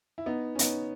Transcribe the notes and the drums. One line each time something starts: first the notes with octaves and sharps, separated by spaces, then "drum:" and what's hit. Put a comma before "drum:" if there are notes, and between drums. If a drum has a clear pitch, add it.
E4
B3 D#4
C#4
B3 D#4, drum: hi-hat